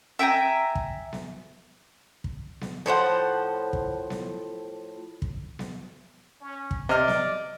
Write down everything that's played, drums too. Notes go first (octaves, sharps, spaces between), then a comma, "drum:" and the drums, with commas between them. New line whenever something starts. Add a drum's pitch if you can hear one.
E5 G5 G#5 A#5
drum: kick
drum: snare B3
drum: kick
drum: snare B3
A2 F3 C5 F#5
drum: kick
drum: snare B3
drum: kick
drum: snare B3
C#4
drum: kick
C3 D5 D#5 F6
drum: snare B3